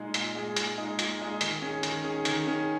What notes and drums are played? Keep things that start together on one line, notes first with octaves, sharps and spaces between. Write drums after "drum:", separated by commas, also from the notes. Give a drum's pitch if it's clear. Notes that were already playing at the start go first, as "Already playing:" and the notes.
Already playing: A#2 G#3 D#4 G#4
A#2, drum: hi-hat
G#3 D#4 G#4
A#2, drum: hi-hat
G#3 D#4 G#4
A#2, drum: hi-hat
G#3 D#4 G#4
D#3, drum: hi-hat
C#4 G#4
D#3, drum: hi-hat
C#4 G#4
D#3, drum: hi-hat
C#4 G#4